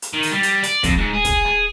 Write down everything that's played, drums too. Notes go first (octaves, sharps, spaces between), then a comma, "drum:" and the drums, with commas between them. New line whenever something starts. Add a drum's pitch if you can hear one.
drum: hi-hat
D#3
drum: open hi-hat
G3
drum: hi-hat
D5, drum: hi-hat
F2, drum: kick, hi-hat
G#2
G#4
drum: kick, hi-hat
drum: rim click